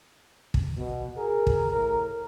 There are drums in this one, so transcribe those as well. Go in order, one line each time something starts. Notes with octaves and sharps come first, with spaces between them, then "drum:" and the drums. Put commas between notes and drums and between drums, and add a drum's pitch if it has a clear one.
drum: kick
B2
G#4 A#4
drum: kick
A2 A#4